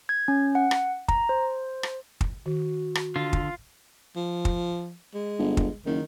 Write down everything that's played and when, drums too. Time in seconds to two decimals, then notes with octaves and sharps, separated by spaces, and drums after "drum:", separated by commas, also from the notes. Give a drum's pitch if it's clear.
0.09 G#6
0.28 C#4
0.55 F#5
0.71 drum: rim click
1.08 A#5, drum: kick
1.29 C5
1.83 drum: rim click
2.21 drum: kick
2.46 D#3 F#4
2.95 drum: rim click
3.16 D3 F4
3.33 drum: kick
4.16 F3
4.45 drum: kick
5.14 G#3
5.39 G1
5.57 drum: kick
5.85 F#1 D#3